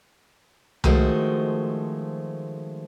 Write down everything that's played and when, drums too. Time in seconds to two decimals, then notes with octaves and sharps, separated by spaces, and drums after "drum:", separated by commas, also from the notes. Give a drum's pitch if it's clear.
0.84 D#3 F3 G#3 A3 F#4 C5, drum: tom C2